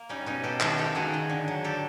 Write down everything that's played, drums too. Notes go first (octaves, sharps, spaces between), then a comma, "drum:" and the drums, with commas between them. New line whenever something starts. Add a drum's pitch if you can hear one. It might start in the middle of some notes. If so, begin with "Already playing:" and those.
Already playing: A#3
G3 C#4 D#4
B2 C#4 D#4
B2 G4 A4
D#3 G4 A4, drum: clap
A#3 G4 A4
D#3 F#4 G#4
D#3
D3
F#3
D3 G4 A4